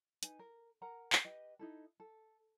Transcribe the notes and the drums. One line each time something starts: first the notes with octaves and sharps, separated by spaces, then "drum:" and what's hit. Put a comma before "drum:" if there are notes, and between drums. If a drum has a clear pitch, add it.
D#4 B4 G#5, drum: hi-hat
A#4
A#4 F#5 A#5
drum: clap
G4 B4 D#5
D#4 E4 A4
A4